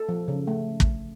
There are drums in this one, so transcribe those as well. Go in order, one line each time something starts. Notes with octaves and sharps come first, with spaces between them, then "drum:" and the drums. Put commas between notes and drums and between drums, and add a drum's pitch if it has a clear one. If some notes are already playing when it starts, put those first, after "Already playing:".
Already playing: A4
F3
C#3
A3
drum: kick